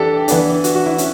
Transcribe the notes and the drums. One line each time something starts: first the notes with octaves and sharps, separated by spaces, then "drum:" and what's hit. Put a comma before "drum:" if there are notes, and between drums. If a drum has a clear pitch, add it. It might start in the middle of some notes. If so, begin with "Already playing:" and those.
Already playing: E3 D4 G4 A4
E3 B3 D4, drum: hi-hat
F#4, drum: hi-hat
F#4
E4
C#4, drum: hi-hat